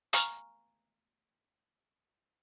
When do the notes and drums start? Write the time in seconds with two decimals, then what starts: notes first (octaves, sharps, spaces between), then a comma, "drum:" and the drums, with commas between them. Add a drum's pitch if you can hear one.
0.13 F5 G#5 A#5 C#6 F6, drum: hi-hat